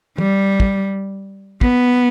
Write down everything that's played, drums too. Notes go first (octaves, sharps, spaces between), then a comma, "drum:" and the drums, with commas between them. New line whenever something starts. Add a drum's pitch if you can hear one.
G3, drum: tom
drum: kick
B3, drum: kick